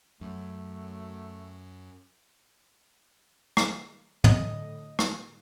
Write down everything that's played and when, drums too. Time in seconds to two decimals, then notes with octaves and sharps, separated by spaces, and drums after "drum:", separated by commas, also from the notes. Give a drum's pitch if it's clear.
0.21 F#2 A3
3.57 drum: rim click
4.24 A2 D3 D#5, drum: tom
4.99 drum: rim click